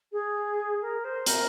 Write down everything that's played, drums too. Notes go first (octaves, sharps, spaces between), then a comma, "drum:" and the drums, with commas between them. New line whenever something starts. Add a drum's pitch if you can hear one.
G#4
A#4
C5
A#4, drum: hi-hat